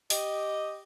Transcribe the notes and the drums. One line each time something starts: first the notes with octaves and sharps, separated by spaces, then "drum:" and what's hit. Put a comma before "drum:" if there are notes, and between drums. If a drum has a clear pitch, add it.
G4 D#5, drum: open hi-hat